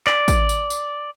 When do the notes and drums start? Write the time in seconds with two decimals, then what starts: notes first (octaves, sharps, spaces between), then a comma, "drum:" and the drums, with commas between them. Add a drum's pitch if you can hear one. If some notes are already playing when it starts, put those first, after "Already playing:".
0.07 D5, drum: clap
0.28 drum: kick, tambourine
0.49 drum: tambourine
0.70 drum: tambourine